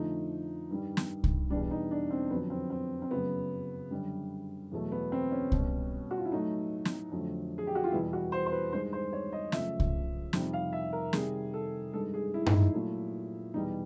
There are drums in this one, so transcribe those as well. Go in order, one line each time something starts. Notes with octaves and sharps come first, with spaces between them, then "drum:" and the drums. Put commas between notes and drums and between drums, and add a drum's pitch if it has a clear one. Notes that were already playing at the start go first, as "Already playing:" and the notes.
Already playing: F2 D3 F3 A3 D#4
G2 D#3 G3
drum: snare
drum: kick C2
E2 B2 G3 D4
D#4
D4
C4
F2 D3 F#3 B3
C4
C4
C4
F#2 C#3 F#3 A3 B3
F#2 D3 G3
E2 B2 F#3 A3
B3
C4
C#4
B2 G3, drum: kick C2
F#4
F4
E4
A2 F#3 A3 D#4
drum: snare
F2 D3 F#3 A3
G#4
G4
F#4
F4
E2 B2 G3 E4
F#4
C5
C5
B4
G2 D#3 G#3 C5
C5
C#5
D#5
F#2 C#3 F3 A3 E5, drum: snare
drum: kick C2
F2 C3 D#3 G3, drum: snare
F5
E5
A#4
C3 D#3 G3 G#4, drum: snare
A4
G2 D#3 G#3 A4
G#4
E4
D#4, drum: tom G2
E4
A#2 F#3 A3
E2 B2 G3 D#4